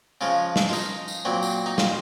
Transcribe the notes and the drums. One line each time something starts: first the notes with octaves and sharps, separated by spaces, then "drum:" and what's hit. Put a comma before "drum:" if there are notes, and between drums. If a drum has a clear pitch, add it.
C#3 F3 G#3 F4
drum: snare
F4
D#4, drum: tambourine
drum: tambourine
A#2 F#3 C4
drum: tambourine
D#4
F4, drum: snare